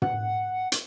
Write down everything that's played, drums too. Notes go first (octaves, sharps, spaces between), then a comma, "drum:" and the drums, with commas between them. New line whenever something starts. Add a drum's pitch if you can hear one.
F#5, drum: tom
drum: hi-hat